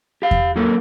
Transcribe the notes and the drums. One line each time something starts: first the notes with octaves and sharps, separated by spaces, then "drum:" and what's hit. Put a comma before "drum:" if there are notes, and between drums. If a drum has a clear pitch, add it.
G4 F5
drum: kick E2
F#3 A#3 D#4 A4 A#4